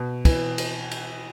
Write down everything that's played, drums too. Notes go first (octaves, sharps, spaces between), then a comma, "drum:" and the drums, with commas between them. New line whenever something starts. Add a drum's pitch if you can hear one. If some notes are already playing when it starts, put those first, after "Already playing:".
Already playing: B2
E3, drum: kick, cymbal
drum: cymbal
drum: cymbal